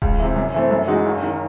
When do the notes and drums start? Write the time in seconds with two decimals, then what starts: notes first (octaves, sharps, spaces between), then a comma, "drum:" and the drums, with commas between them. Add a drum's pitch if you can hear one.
0.02 C#2, drum: kick D#1
0.19 C3 E3
0.36 F#2
0.54 E3 A3 C4
0.71 F#2
0.87 E3 G#3 D#4 F#4
1.06 F#1
1.22 D#3